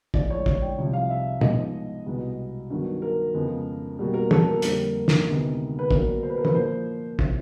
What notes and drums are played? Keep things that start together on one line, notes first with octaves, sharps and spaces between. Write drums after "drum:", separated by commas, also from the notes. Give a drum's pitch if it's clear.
A2 F3 G#3 D5, drum: kick
C#5
D5, drum: kick
G5
C2 C3 F3
F5
E5
G#2 F3 G#3 B3 D#5, drum: tom
C2 B2 G#3 B3
G2 D#3 F#3 B3
A#4
F2 C#3 F3 G#3 B3
B2 G3 A#3
A#4
A4, drum: tom
A#4
F2 D3 G3 A#3, drum: hi-hat
drum: snare
D2 C3 D#3 G#3 B3
B4
A#2 F#3 B3 A#4, drum: kick
C5
B4
A#4
B4, drum: tom
A#2 F3 A#3 C5
C3 E3, drum: kick